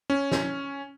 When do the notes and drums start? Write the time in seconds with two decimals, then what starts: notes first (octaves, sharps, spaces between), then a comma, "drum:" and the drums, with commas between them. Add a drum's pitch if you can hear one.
0.10 C#4
0.32 drum: snare